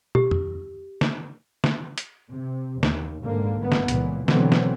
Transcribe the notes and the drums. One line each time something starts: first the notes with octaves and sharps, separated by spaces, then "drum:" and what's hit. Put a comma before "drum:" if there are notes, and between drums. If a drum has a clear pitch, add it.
G4, drum: tom
drum: tom F2
drum: snare
drum: snare
drum: hi-hat
C3
D#2, drum: snare
G#1 G#2 D3 A#3
G1 B3
drum: snare
C#2 A#2 E3, drum: hi-hat
B2 D3 E3 F#3 B3 C4, drum: snare
drum: snare